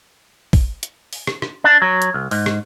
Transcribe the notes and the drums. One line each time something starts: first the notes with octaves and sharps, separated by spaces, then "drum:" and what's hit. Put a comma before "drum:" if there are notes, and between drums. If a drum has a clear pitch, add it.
drum: kick, open hi-hat
drum: hi-hat
drum: open hi-hat
drum: rim click
drum: rim click
D4
F#3
drum: hi-hat
C2
G#2, drum: open hi-hat
drum: rim click